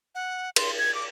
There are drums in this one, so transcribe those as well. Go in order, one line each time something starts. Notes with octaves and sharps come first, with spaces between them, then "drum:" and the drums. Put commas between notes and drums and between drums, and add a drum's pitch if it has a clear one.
F#5
C6, drum: cymbal
G#6
D6